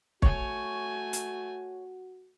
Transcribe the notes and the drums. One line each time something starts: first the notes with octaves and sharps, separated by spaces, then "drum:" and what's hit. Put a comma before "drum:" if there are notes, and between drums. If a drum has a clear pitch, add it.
A3 F#4 C#5 G#5, drum: kick
drum: hi-hat